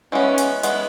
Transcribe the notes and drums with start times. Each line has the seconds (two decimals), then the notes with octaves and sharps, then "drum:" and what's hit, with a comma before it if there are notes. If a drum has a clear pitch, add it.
0.12 E3 G#3 B3 C#4
0.38 drum: hi-hat
0.63 E3 G#3 B3, drum: hi-hat